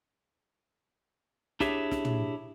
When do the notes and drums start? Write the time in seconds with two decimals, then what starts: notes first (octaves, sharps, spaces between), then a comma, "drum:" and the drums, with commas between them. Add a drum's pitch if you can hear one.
1.60 D4 E4 G4 G#4 C#5 E5, drum: snare
1.91 drum: snare
2.05 drum: tom